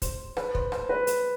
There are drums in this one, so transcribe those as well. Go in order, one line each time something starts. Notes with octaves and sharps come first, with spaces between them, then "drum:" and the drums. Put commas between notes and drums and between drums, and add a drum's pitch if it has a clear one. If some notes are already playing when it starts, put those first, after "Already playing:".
C5, drum: kick, hi-hat
B4, drum: rim click
C5, drum: kick
C5, drum: rim click
B4
drum: hi-hat